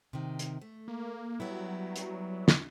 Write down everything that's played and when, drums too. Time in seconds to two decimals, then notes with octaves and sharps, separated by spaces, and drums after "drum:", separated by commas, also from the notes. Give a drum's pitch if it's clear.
0.13 C3 D#3
0.39 drum: hi-hat
0.61 A3
0.88 A#3
1.40 F#3 G3 B3 E4
1.96 drum: hi-hat
2.48 drum: snare